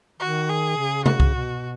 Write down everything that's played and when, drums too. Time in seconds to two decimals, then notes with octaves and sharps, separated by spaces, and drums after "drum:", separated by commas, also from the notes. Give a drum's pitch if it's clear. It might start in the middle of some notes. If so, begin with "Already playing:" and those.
0.20 D#3 F#4
0.49 G#4
0.77 C#3
1.06 F#4, drum: tom C3
1.20 drum: kick C2
1.34 B2